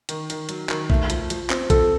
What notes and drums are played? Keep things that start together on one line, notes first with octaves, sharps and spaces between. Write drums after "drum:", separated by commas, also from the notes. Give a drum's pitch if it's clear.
D#3, drum: hi-hat
D#3, drum: hi-hat
F#3, drum: hi-hat
D#3, drum: clap
A3, drum: kick
F3, drum: hi-hat
F3, drum: hi-hat
C4, drum: clap
F3 A4, drum: kick, hi-hat